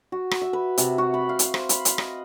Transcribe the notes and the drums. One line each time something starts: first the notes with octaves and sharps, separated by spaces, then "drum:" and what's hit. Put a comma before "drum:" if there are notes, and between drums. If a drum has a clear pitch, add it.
F#4
drum: rim click
E5
B4
C3, drum: hi-hat
F#4
B5
F5
drum: hi-hat
C5, drum: rim click
B5, drum: hi-hat
drum: hi-hat
D#5, drum: rim click